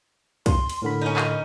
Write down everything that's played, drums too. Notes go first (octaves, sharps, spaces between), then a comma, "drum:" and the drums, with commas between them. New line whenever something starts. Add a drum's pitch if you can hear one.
C6, drum: kick, cymbal
drum: cymbal
A2 D3 A#4 B5
C#4 D#4
drum: clap